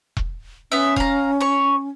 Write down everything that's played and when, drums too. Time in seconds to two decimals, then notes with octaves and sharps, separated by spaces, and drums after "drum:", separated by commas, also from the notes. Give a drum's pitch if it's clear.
0.17 drum: kick E1
0.72 B3 C#4 E5
0.96 F5 A#5, drum: kick E1
1.41 C#5 C#6